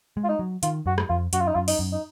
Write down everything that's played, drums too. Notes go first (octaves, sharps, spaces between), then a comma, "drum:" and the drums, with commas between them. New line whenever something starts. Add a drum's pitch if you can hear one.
G#3
F4
D#4
F#3
D#3 F4, drum: hi-hat
F#2 F#4
drum: rim click
F2 F4
F#2 F#4, drum: hi-hat
F4
D#4
F#2 F4
D#4, drum: open hi-hat
F#2
D#4